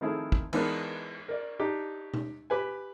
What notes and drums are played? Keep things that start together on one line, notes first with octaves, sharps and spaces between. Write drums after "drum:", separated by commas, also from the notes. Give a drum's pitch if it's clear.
D#3 F3 A3 C4 E4 G#4
drum: kick
E3 G#3 B3 D4 D#4 A#4, drum: cymbal
A#4 D5
D4 D#4 G4
drum: tom B2
G4 B4 G#5